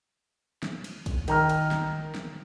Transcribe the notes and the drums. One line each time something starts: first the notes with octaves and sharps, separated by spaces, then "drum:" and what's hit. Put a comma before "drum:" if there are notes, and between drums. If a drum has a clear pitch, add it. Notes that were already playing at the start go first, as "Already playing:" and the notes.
drum: snare
drum: cymbal
drum: kick, cymbal
D#3 A#5 F6, drum: cymbal
drum: cymbal
drum: snare
drum: snare